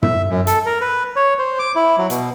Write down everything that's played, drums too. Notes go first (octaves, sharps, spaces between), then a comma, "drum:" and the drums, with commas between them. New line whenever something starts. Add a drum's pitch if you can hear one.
E5, drum: tom
F#2
A4, drum: hi-hat
A#4
B4
C#5
C5
D6
E4
F#3
B2, drum: hi-hat